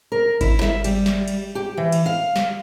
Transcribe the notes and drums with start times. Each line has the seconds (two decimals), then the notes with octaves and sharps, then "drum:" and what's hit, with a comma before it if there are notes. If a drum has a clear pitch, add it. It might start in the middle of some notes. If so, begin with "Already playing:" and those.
0.12 A#4
0.41 E4, drum: kick G#1, cymbal
0.62 E5, drum: snare
0.84 G3, drum: cymbal
1.06 drum: snare
1.28 drum: cymbal
1.55 G4
1.77 E3
1.92 drum: cymbal
2.06 F5
2.36 drum: snare